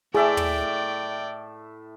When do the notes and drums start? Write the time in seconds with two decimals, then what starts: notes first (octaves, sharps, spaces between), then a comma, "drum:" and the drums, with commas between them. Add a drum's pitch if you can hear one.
0.15 A2 G#4 D5 E5 G5 A5
0.37 drum: tom